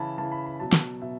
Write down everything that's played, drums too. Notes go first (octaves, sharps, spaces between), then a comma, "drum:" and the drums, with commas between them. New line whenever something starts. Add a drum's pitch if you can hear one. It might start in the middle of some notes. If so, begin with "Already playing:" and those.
Already playing: C#3 E3 A5 B5
C#3 E3 A5
B5
B5
B2 F#3 A5
drum: snare
B2 E5